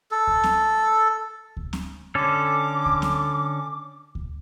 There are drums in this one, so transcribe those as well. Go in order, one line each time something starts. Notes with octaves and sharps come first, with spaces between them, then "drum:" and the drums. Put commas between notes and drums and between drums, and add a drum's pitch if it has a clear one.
A4
drum: kick D2
drum: snare C4
drum: kick D2
drum: snare C4
D3 C#4 A4 D6
drum: kick D2
drum: snare C4
drum: kick D2